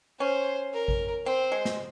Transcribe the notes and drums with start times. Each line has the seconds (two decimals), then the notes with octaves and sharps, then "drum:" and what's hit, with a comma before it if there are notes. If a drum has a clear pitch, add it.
0.19 C#4 C5
0.73 A#4
0.88 drum: kick A1
1.26 C4 C5
1.52 G#3
1.65 drum: snare